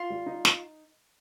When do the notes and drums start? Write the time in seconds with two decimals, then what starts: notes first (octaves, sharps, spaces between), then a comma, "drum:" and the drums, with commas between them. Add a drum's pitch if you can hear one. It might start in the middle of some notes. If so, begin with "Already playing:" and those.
Already playing: F4
0.10 G3
0.26 D#4
0.45 D#4, drum: snare